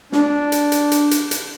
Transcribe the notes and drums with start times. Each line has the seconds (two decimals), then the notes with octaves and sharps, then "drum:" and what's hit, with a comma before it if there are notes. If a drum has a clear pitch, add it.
0.12 D4, drum: snare
0.52 drum: hi-hat
0.72 drum: hi-hat
0.92 drum: hi-hat
1.11 drum: hi-hat
1.31 drum: hi-hat